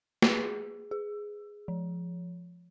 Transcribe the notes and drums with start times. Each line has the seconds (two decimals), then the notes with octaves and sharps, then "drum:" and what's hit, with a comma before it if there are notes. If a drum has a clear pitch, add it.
0.22 G#4, drum: snare
0.91 G#4
1.68 F3